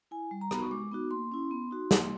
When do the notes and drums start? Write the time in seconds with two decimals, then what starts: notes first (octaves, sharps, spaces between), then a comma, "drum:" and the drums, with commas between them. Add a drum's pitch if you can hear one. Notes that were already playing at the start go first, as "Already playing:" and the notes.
0.11 E4 G#5
0.31 G3
0.41 A#5
0.51 B3 D#4 F#4 B5, drum: rim click
0.62 C#6
0.71 G#3 D6
0.91 B3 D#4 F#4
1.11 A#3 C6
1.32 C#4 E4
1.51 B3
1.71 D#4 F#4
1.91 A#3, drum: snare